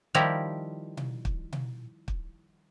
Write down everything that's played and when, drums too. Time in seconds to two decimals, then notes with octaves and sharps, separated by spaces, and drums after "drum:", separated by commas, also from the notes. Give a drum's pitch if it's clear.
0.15 D#3 F3 G3 E4 G4 A#4
0.97 drum: tom B2
1.25 drum: kick
1.53 drum: tom B2
2.08 drum: kick